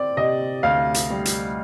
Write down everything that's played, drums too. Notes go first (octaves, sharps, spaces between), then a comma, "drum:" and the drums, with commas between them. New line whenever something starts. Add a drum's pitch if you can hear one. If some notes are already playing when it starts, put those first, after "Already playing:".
Already playing: C4 D5
C3 D#5
D2 F5
drum: hi-hat
G3
drum: hi-hat